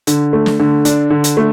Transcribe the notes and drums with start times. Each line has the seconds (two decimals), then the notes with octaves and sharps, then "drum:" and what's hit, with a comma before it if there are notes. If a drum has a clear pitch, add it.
0.07 D3, drum: hi-hat
0.33 A3
0.46 drum: snare
0.59 D3
0.85 D4, drum: hi-hat
1.10 D3
1.24 drum: hi-hat
1.37 A3